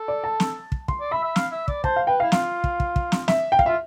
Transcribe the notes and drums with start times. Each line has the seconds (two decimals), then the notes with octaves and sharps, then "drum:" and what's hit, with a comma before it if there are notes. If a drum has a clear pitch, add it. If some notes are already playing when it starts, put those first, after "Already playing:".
Already playing: A4
0.08 D5
0.24 A5
0.40 drum: snare
0.72 drum: kick
0.88 C6, drum: kick
1.00 D5
1.11 E5 B5
1.24 E5
1.36 F5, drum: snare
1.52 E5
1.68 D5, drum: kick
1.84 C5 A5, drum: kick
1.96 F5
2.07 B4 G5
2.20 E4 F5
2.32 F4 F5, drum: snare
2.64 drum: kick
2.80 drum: kick
2.96 drum: kick
3.12 drum: snare
3.28 E5, drum: snare
3.52 G5
3.59 F5, drum: kick
3.66 F4 E5